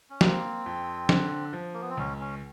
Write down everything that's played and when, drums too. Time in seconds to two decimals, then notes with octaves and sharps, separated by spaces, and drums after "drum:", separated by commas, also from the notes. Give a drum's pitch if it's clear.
0.10 C#4
0.21 A#3 C4, drum: snare
0.66 F2
1.09 D3, drum: snare
1.53 F3
1.74 A#3
1.82 B3
1.90 C4
1.97 C#2 C#4
2.20 C#4